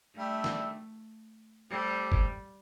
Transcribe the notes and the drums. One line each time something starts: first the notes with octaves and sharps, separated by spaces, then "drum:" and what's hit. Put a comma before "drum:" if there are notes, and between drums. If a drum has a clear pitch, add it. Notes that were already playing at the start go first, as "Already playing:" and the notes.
G3 A3 D4 A4 E5
drum: snare
G3 A3 C4 G4
drum: kick F#1